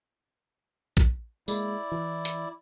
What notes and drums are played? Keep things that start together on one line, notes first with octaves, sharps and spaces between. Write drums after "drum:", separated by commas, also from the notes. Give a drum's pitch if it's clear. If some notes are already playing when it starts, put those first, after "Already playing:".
drum: kick A1
G#3 A#3 E4 D5, drum: tambourine
E3
drum: hi-hat